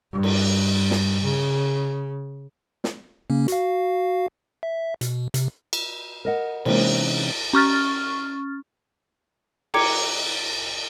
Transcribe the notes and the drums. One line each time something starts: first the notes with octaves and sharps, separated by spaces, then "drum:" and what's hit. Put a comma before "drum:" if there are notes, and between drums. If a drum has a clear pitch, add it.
G2
drum: cymbal
drum: snare
C#3
drum: snare
C#3 A#3 C#4
F#4 F5, drum: hi-hat
E5
B2, drum: hi-hat
C3, drum: hi-hat
drum: cymbal
A#4 D#5 F#5
C3 E3 G#3 A#3 C#4 D#4, drum: cymbal
C#4 C#6 F6 A6
G#4 G5 A#5 D6 G#6 C#7, drum: cymbal